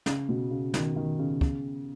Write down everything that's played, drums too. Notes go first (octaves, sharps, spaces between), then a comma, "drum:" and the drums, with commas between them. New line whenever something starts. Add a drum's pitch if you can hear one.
C#3, drum: snare
B2
C#3
D#3, drum: snare
D#3
C#3
C#3, drum: kick